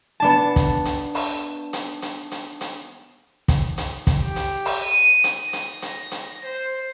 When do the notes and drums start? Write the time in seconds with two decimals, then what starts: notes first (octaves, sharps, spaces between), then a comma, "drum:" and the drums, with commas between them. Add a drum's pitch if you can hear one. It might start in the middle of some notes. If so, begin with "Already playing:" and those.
0.20 B3 D4 A5
0.56 drum: kick, hi-hat
0.85 drum: hi-hat
1.15 drum: open hi-hat
1.73 drum: hi-hat
2.02 drum: hi-hat
2.31 drum: hi-hat
2.61 drum: hi-hat
3.48 drum: kick, hi-hat
3.78 drum: hi-hat
4.07 drum: kick, hi-hat
4.21 G4
4.36 drum: hi-hat
4.65 drum: open hi-hat
4.84 D#7
5.24 drum: hi-hat
5.53 A#6, drum: hi-hat
5.82 drum: hi-hat
6.11 drum: hi-hat
6.45 C5